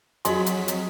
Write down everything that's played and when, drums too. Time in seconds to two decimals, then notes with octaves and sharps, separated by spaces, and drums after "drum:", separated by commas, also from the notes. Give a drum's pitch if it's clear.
0.25 F2 F#3 F#4 G#4 D#5 C6 B6, drum: hi-hat
0.46 drum: hi-hat
0.68 drum: hi-hat